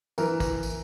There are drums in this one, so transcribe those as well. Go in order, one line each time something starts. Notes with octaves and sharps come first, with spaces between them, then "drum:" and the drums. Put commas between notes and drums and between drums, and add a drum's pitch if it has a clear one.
E3 A#4, drum: tambourine
drum: kick, tambourine
drum: tambourine